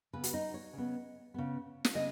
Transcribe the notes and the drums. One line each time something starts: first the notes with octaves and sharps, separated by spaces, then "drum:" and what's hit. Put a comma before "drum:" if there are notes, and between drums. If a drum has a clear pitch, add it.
C#3 B3 B4
F#4, drum: hi-hat
D#4
C#5
C#3 B3
C#3 B3
drum: snare
C#3 D#5